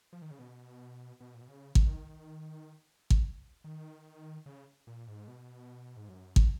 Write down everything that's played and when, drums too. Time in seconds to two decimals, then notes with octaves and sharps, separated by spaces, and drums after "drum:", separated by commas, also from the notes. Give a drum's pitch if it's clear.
0.13 F3
0.22 D#3
0.31 C#3
0.39 B2
1.20 B2
1.34 A#2
1.41 B2
1.48 C#3
1.75 D#3, drum: kick
3.10 drum: kick
3.64 D#3
4.46 C#3
4.87 A#2
5.08 G#2
5.28 B2
5.97 G#2
6.09 F#2
6.36 drum: kick